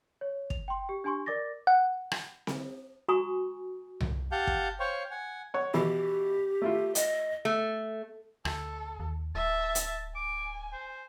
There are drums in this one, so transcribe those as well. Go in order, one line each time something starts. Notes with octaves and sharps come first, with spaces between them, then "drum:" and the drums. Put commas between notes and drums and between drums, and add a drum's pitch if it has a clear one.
C#5
F7, drum: kick
G5 C6
G4
D4 G4 G#5 C6 C#6
A#4 D5 D6 A6 A#6
F#5
drum: rim click
drum: snare C4
F#4 G#5 A#5 C#6 D#6
drum: tom C2
G4 F5 F#5 A5 G6
drum: kick
C5 C#5 F5 G5 C#6
F#5 G#5
C#5 F#5
B2 E3 G4
A3 E4 F4
D#5, drum: hi-hat
A3
D2 A4, drum: rim click
D#2
D1 E5 A5
drum: hi-hat
G#5 D6
C5